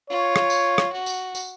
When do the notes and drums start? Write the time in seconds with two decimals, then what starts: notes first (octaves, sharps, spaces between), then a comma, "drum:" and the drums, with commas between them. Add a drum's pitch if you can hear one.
0.10 F4 C#5
0.36 drum: rim click
0.50 drum: tambourine
0.78 drum: rim click
0.92 F#4
1.06 drum: tambourine
1.35 drum: tambourine